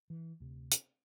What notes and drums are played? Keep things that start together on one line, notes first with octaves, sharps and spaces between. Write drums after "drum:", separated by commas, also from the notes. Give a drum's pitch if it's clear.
E3
D2 C3
drum: hi-hat